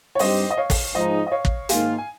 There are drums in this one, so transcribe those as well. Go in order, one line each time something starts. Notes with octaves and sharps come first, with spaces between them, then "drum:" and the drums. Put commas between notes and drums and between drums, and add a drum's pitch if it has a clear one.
C#5
G2 G3 C4 D#4 G4 C5 D#5, drum: open hi-hat
D#5
C#5 F5
drum: kick, open hi-hat
G#2 F3 G#3 D#4 C5 D#5
D#5
C#5 F5
drum: kick
G#2 D#3 A#3 F4 F5 G#5, drum: hi-hat
G#5